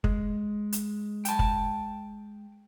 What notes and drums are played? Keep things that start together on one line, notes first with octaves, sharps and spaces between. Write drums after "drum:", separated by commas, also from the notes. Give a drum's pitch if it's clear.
G#3, drum: kick
drum: hi-hat
G5 A5, drum: hi-hat
drum: kick